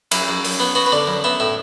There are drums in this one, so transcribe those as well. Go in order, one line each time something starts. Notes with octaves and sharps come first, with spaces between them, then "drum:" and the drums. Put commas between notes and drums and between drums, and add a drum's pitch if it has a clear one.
F#2 E4, drum: cymbal
F#2
F#2, drum: open hi-hat
B3
B3 F#4
B4
D3 D5
F#2
B3 E5
A2 E5